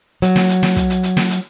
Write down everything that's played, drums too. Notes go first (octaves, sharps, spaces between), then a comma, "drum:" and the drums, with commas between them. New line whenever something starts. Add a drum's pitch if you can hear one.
F#3, drum: hi-hat
drum: snare
drum: hi-hat
drum: snare
drum: kick, hi-hat
drum: hi-hat
drum: hi-hat
drum: snare
drum: hi-hat